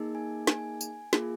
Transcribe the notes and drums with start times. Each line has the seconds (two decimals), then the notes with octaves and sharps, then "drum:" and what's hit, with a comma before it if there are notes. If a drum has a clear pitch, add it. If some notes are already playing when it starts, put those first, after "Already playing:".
Already playing: A#3 D#4 G#4
0.15 G#5
0.47 G#5, drum: snare
0.81 drum: tambourine
1.13 A#3 F4 G#4, drum: snare